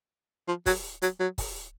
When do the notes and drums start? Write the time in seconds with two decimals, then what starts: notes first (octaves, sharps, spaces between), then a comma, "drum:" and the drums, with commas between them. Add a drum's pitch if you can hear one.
0.48 F3
0.66 F#3, drum: kick, open hi-hat
1.02 F#3, drum: hi-hat
1.20 F#3
1.38 drum: kick, open hi-hat